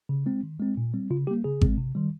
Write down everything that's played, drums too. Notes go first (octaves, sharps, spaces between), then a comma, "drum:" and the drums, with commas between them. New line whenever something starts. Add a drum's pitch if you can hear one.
C#3
G#3 C4
D#3
G#3 C4
A#2
G3 C4
C#3 F4
G3 A#3 G4
C#3 G#4
G#3 C4, drum: kick G#1
C3
D#3 G3